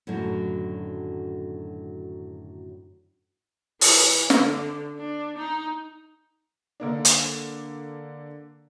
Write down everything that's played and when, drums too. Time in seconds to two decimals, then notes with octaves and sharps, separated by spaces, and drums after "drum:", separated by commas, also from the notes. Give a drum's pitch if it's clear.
0.07 F#2 A2 D3 D#3 F#3
3.81 E3, drum: open hi-hat
4.30 D3, drum: snare
4.99 D4
5.37 D#4
6.80 D3 A#3 D4
7.05 drum: hi-hat